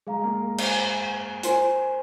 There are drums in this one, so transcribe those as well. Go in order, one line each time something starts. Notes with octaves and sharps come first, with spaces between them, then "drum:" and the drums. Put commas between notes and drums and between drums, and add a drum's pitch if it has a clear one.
G#3 G#4 F5 A#5
A#3
A#4
C5, drum: cymbal
F4 A#4 C5 G#5 C6, drum: hi-hat